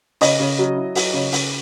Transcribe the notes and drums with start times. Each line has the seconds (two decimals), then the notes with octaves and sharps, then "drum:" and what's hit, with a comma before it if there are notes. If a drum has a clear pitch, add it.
0.21 C#3 D#5, drum: open hi-hat
0.40 C#3
0.59 F#3
0.77 E4
0.95 F#3, drum: open hi-hat
1.13 C#3
1.32 C#3, drum: open hi-hat